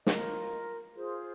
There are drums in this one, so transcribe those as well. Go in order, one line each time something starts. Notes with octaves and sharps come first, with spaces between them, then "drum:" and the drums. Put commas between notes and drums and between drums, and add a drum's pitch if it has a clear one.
F4 A#4 D#5, drum: snare
F4 G#4 C5